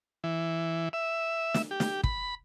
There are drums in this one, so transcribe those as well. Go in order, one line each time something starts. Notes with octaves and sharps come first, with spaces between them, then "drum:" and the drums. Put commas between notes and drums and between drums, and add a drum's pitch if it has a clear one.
E3
E5
drum: snare
G4
drum: snare
B5, drum: kick